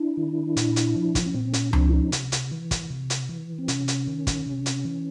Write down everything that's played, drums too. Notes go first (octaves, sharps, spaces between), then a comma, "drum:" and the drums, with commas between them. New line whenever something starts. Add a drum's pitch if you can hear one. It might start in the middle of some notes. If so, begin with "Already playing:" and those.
Already playing: D4 E4
D#3
A#2, drum: hi-hat
drum: hi-hat
F3
drum: kick, hi-hat
C#4
A#2 C4
C#4, drum: hi-hat
F3 C4 D4, drum: tom C#2
E4
C#4 D#4
C3, drum: hi-hat
drum: hi-hat
E3
drum: kick, hi-hat
C3
drum: hi-hat
E3
C4
C3 C#4, drum: hi-hat
drum: hi-hat
D#3
drum: kick, hi-hat
C3
drum: hi-hat
E3